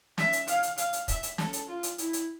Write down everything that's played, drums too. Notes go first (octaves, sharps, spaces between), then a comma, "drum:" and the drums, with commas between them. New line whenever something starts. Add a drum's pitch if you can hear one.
E5, drum: snare
drum: hi-hat
F5, drum: hi-hat
drum: hi-hat
F5, drum: hi-hat
drum: hi-hat
E5, drum: kick, hi-hat
drum: hi-hat
A4, drum: snare
drum: hi-hat
F4
drum: hi-hat
E4, drum: hi-hat
drum: hi-hat